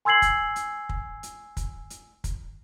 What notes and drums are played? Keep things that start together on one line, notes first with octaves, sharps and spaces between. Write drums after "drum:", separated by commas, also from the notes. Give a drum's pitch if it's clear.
G#5 C6 E6 G#6 C7 F#7
drum: kick, hi-hat
drum: hi-hat
drum: kick
drum: hi-hat
drum: kick, hi-hat
drum: hi-hat
drum: kick, hi-hat